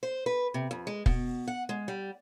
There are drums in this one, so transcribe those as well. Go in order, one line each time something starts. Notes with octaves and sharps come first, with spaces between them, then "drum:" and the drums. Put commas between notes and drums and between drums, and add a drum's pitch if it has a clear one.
C5
B4
C3
F2
G#3
B2, drum: kick
F#5
G#3
G3